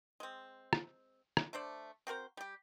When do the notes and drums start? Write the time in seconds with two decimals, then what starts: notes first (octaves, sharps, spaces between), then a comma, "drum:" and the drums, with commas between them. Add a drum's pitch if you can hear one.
0.20 G#3 C4
0.73 drum: rim click
1.37 drum: rim click
1.53 A3 D4 C5 D5
2.07 C4 F#4 A#4 C5
2.37 G3 G4